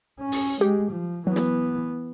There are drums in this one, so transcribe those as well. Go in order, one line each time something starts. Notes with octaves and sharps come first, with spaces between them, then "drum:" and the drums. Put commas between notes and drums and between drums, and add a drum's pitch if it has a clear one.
C#4
drum: open hi-hat
G#3 G4
F3
E3 F#3 B3
drum: snare